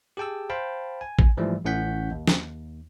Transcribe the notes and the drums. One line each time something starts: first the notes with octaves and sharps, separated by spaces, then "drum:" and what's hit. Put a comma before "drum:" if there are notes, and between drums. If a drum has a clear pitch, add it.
G4 G#4 G5 A5 E6
C5 F5 G5 A5 B5
G#5
drum: kick
G#2 E3 F3 G3 A3
A1 A2 C#4 F#5 G6 B6
D#2
drum: snare